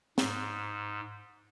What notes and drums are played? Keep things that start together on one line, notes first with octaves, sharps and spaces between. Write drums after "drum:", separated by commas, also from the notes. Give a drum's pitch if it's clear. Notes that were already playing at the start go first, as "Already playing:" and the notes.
G#2, drum: snare